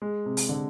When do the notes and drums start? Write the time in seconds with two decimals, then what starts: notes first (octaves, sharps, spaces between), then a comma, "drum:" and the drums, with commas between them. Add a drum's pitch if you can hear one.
0.02 G#3
0.26 C3
0.37 drum: open hi-hat
0.49 D3